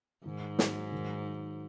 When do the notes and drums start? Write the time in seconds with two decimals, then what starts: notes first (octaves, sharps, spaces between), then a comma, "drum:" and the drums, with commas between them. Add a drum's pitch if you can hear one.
0.25 G#2 D#3
0.59 F#3, drum: snare
0.92 D#3